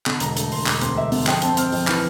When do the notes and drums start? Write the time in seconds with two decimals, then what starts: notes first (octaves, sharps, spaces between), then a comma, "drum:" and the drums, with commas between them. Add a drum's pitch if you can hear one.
0.06 D3, drum: clap
0.20 E1 A#5, drum: hi-hat
0.37 A3, drum: hi-hat
0.52 E1 C6, drum: open hi-hat
0.66 E1 D6, drum: clap
0.81 D2 C6, drum: hi-hat
0.97 E1 E5
1.12 D3, drum: open hi-hat
1.27 F2 G5, drum: clap
1.42 C4 A5, drum: hi-hat
1.57 C4 F6, drum: hi-hat
1.72 F2, drum: open hi-hat
1.87 E3 F6, drum: clap